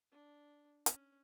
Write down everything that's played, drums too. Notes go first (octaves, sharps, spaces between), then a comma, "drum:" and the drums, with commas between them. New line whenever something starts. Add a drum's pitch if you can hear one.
D4
C#4, drum: hi-hat